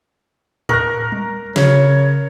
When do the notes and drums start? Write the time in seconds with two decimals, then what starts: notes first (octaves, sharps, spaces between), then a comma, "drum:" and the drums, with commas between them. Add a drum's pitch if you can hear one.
0.69 A#4 C#6 F#6 A#6, drum: tom A2
1.12 drum: tom G3
1.56 C#3 C#5, drum: snare